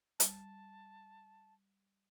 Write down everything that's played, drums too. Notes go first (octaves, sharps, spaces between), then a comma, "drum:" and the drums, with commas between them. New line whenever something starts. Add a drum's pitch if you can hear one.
G3 A5, drum: hi-hat